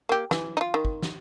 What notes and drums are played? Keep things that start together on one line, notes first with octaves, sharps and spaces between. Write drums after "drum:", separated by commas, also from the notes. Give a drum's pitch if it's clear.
A#3 G4
E3, drum: snare
D#4 F4
D#3
drum: kick
drum: snare